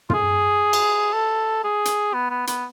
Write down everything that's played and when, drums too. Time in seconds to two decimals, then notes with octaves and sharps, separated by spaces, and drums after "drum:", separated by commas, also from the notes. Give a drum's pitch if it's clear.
0.10 F4, drum: tom
0.14 G#4
0.73 drum: cymbal
1.13 A4
1.64 G#4
1.85 drum: hi-hat
2.14 B3
2.30 B3
2.47 B3, drum: hi-hat